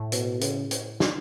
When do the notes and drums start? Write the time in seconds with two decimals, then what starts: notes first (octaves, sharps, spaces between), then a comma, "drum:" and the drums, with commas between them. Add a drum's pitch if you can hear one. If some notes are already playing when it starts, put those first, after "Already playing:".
Already playing: A2
0.12 B2, drum: hi-hat
0.41 C#3, drum: hi-hat
0.71 drum: hi-hat
1.00 drum: snare